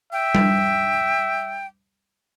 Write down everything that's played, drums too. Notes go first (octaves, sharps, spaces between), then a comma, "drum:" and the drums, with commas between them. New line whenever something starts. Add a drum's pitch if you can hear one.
E5 G5
drum: tom G3